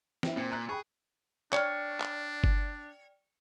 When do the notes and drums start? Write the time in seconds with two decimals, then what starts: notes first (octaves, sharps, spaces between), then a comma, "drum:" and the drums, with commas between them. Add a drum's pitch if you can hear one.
0.23 C4 E4, drum: snare
0.37 A#2 C4
0.51 A#5 F#6
0.69 G#4 G5 B5 C#6
1.52 D4 C#5 D5 G5 F6, drum: clap
2.00 drum: clap
2.44 drum: kick G1